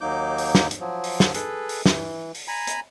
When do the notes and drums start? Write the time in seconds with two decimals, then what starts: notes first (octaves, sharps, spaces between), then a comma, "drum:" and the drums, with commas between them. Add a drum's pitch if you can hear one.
0.01 D#2 F#3 A#3 D#4 D6 G6
0.38 drum: open hi-hat
0.55 drum: snare
0.71 drum: hi-hat
0.80 F3 F#3
1.04 drum: open hi-hat
1.20 drum: snare
1.34 G#4 A4 B4, drum: hi-hat
1.69 drum: open hi-hat
1.86 E3, drum: snare
2.35 drum: open hi-hat
2.48 G#5 A#5 B5
2.67 drum: hi-hat